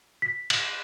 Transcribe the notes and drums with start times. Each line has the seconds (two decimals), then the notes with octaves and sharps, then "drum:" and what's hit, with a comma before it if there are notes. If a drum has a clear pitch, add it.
0.22 B6
0.50 F#7, drum: cymbal